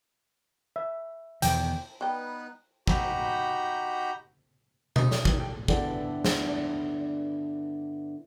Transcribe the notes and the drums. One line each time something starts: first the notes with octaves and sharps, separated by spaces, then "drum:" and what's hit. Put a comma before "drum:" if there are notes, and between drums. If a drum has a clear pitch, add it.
E5
E2 B2 D#3 G5, drum: hi-hat
G3 B3 D#4 B4 G5
D#4 F#4 G4 A#5 B5 G6, drum: kick
D#4, drum: tom B2
C#5 D5 E5, drum: snare
D#3 E3, drum: kick
G4 A4 G5
G2 D3 B3 E4 D5, drum: kick
drum: snare